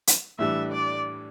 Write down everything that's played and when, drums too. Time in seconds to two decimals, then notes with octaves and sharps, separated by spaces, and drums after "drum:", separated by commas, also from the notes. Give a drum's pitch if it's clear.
0.07 drum: hi-hat
0.39 A2 E3 G3 D4 E5
0.72 D5